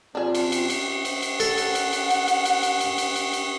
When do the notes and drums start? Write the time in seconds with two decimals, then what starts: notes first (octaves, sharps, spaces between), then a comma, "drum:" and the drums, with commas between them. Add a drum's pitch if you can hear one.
0.15 C3 F#3 C4 D4 F4 G#4
0.35 drum: cymbal
0.52 drum: cymbal
0.70 drum: cymbal
1.05 drum: cymbal
1.22 drum: cymbal
1.40 A4 F#5, drum: cymbal
1.57 drum: cymbal
1.75 drum: cymbal
1.93 drum: cymbal
2.10 drum: cymbal
2.28 drum: cymbal
2.45 drum: cymbal
2.63 drum: cymbal
2.80 drum: cymbal
2.98 drum: cymbal
3.16 drum: cymbal
3.33 drum: cymbal